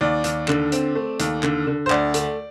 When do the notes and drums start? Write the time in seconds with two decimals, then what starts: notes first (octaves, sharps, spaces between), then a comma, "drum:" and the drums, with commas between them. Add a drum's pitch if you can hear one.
0.01 D#2 D5
0.24 D#2, drum: hi-hat
0.48 D3, drum: clap
0.72 C4, drum: hi-hat
0.95 A3
1.20 D#2, drum: hi-hat
1.43 D3, drum: clap
1.67 D3
1.86 C5
1.90 D2 D5, drum: clap
2.14 A3, drum: hi-hat